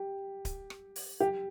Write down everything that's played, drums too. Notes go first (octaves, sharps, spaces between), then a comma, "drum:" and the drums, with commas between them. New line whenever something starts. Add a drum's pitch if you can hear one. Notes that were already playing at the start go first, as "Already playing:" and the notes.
Already playing: G4
drum: kick D1, hi-hat
drum: rim click
drum: open hi-hat
G4